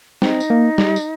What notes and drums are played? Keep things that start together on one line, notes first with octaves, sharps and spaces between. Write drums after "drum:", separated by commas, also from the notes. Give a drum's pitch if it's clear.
C4 D#4, drum: snare
drum: tambourine
A#3
G3, drum: snare
drum: tambourine